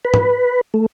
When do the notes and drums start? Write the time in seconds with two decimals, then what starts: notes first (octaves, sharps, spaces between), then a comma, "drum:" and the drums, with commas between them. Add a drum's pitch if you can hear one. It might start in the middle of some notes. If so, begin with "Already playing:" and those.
0.05 B4
0.14 drum: tom
0.74 A3